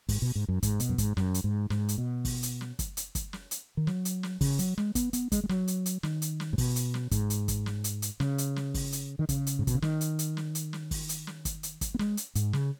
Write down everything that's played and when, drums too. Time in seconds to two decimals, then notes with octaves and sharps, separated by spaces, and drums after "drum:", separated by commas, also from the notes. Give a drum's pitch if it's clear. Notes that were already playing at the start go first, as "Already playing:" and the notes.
0.09 G#2, drum: kick, open hi-hat
0.22 B2
0.35 G#2
0.48 F#2
0.63 G#2, drum: kick, hi-hat
0.80 B2, drum: hi-hat
0.89 F#2
0.98 G#2, drum: kick, hi-hat
1.17 F#2, drum: snare
1.34 drum: hi-hat
1.44 G#2
1.70 G#2, drum: snare
1.89 drum: hi-hat
1.98 B2
2.25 drum: kick, open hi-hat
2.43 drum: hi-hat
2.61 drum: snare
2.79 drum: kick, hi-hat
2.97 drum: hi-hat
3.15 drum: kick, hi-hat
3.33 drum: snare
3.51 drum: hi-hat
3.77 D#3
3.87 F#3, drum: snare
4.05 drum: hi-hat
4.23 drum: snare
4.41 C#3, drum: kick, open hi-hat
4.59 F#3, drum: hi-hat
4.77 G#3, drum: snare
4.95 B3, drum: kick, hi-hat
5.13 B3, drum: hi-hat
5.32 G#3, drum: kick, hi-hat
5.44 G#3
5.49 F#3, drum: snare
5.68 drum: hi-hat
5.86 drum: hi-hat
6.03 D#3, drum: snare
6.22 drum: hi-hat
6.40 drum: snare
6.53 G#2
6.58 B2, drum: kick, open hi-hat
6.76 drum: hi-hat
6.94 drum: snare
7.11 G#2, drum: kick, hi-hat
7.30 drum: hi-hat
7.48 drum: kick, hi-hat
7.66 drum: snare
7.84 drum: hi-hat
8.02 drum: hi-hat
8.20 C#3, drum: snare
8.38 drum: hi-hat
8.56 drum: snare
8.74 drum: kick, open hi-hat
8.92 drum: hi-hat
9.19 D#3
9.29 C#3, drum: kick, hi-hat
9.47 drum: hi-hat
9.59 G#2
9.67 B2, drum: kick, hi-hat
9.74 C#3
9.82 D#3, drum: snare
10.01 drum: hi-hat
10.19 drum: hi-hat
10.37 drum: snare
10.55 drum: hi-hat
10.73 drum: snare
10.91 drum: kick, open hi-hat
11.09 drum: hi-hat
11.27 drum: snare
11.45 drum: kick, hi-hat
11.63 drum: hi-hat
11.81 drum: kick, hi-hat
11.94 B3
11.99 G#3, drum: snare
12.17 drum: hi-hat
12.35 G#2, drum: hi-hat
12.53 C#3, drum: snare